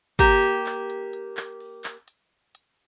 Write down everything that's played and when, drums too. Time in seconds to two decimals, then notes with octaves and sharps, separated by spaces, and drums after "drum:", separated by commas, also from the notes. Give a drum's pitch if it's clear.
0.19 A#3 G4, drum: kick, hi-hat
0.43 drum: hi-hat
0.66 drum: clap
0.90 drum: hi-hat
1.13 drum: hi-hat
1.37 drum: clap
1.61 drum: open hi-hat
1.84 drum: clap
2.08 drum: hi-hat
2.55 drum: hi-hat